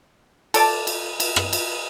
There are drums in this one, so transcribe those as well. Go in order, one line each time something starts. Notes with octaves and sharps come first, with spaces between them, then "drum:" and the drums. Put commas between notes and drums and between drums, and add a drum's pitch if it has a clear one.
A4 D5 A5, drum: cymbal
drum: cymbal
drum: cymbal
drum: rim click
drum: cymbal